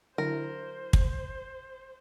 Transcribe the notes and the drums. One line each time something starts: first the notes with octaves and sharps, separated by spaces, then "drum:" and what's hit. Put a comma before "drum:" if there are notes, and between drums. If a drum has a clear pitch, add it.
D3 F#3 E4 A#4 C5
drum: kick